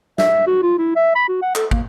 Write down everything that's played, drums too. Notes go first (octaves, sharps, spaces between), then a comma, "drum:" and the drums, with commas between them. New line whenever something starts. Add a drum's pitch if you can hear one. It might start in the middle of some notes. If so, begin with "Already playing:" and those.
E5, drum: snare
F#4
F4
E4
E5
B5
F#4
F#5
A4, drum: clap
A#3, drum: kick